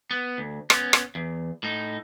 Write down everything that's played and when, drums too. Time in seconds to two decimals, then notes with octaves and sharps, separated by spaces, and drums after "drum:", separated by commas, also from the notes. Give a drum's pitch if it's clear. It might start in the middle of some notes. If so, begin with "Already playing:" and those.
0.11 B3
0.38 D2
0.70 B3 C#4, drum: rim click
0.93 drum: rim click
1.15 E2
1.63 A2 D#4